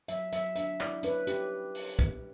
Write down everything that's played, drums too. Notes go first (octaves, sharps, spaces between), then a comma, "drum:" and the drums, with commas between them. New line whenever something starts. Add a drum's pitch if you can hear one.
F#3 E5, drum: hi-hat
F#3 E5, drum: hi-hat
D4 E5, drum: hi-hat
E4 D5, drum: clap
C#4 B4, drum: hi-hat
C#4 G4, drum: hi-hat
drum: open hi-hat
drum: kick, hi-hat